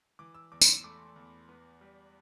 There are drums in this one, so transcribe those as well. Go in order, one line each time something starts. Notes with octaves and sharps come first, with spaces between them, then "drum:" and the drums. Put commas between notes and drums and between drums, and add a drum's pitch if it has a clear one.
E3 D6
E6
E2 D6
B5, drum: tambourine
C6
A3 D6
E2
B3
G3